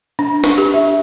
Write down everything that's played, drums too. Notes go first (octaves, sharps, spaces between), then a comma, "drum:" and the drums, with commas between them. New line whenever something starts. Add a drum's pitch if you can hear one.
D4
drum: snare
G4, drum: open hi-hat
E5